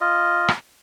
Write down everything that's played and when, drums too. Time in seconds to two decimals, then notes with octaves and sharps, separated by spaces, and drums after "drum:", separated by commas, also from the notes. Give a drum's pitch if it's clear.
0.01 F4 D#5
0.48 drum: rim click